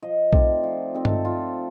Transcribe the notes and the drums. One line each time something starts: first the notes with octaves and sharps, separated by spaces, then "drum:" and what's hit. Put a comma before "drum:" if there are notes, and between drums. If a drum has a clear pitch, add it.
F3 D#5
A3 C4 D#4 D5, drum: kick B1
F3
A3 C4 D#4
A4, drum: tom G2
F3 F4